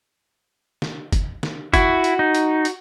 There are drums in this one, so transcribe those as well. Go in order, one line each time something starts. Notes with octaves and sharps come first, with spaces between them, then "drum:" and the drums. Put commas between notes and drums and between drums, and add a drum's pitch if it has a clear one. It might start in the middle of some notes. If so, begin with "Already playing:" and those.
drum: snare
drum: kick, hi-hat
drum: snare
E4 F#4, drum: kick, hi-hat
drum: hi-hat
D#4
drum: hi-hat
drum: hi-hat